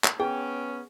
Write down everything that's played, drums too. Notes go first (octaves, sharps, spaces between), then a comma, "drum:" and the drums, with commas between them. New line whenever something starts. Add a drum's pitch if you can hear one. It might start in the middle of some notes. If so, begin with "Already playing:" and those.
drum: clap
B3 C#4 G#4 G5